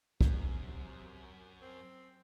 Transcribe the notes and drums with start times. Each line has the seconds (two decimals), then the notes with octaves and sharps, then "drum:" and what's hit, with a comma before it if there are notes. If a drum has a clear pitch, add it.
0.21 F#2 C3, drum: kick
1.62 C4